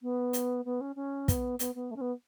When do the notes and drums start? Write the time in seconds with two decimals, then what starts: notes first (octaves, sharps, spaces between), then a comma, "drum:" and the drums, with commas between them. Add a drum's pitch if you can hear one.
0.02 B3
0.33 drum: hi-hat
0.65 B3
0.81 C#4
0.96 C#4
1.28 B3, drum: kick, hi-hat
1.59 B3, drum: hi-hat
1.75 B3
1.91 A3
1.96 C#4
2.01 B3